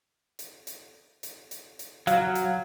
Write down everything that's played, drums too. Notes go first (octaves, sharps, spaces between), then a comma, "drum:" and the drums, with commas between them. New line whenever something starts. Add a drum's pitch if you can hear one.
drum: hi-hat
drum: hi-hat
drum: hi-hat
drum: hi-hat
drum: hi-hat
F#3 F5, drum: hi-hat
drum: hi-hat